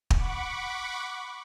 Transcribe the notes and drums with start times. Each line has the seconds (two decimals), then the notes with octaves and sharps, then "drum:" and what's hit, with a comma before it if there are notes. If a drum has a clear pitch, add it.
0.10 F#5 B5 C#6 D6, drum: kick